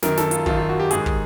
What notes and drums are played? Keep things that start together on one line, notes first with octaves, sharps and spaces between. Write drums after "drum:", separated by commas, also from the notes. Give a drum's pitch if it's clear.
F#2 D#3 A#4, drum: snare
A4, drum: snare
F4, drum: hi-hat
F#2 D#3 F4, drum: kick
F4
F#4
G4
G#2 D#3 G#4, drum: hi-hat
drum: kick